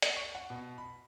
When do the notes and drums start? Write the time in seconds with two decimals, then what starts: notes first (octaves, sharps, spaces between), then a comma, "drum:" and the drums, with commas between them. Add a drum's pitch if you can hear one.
0.02 drum: hi-hat
0.16 C#6
0.35 F#5
0.50 B2
0.78 B5